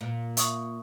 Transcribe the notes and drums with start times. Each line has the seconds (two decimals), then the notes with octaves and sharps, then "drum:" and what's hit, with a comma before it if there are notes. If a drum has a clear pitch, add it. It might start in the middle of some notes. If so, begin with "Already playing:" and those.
0.01 A#2
0.37 E5 C#6 D#6, drum: hi-hat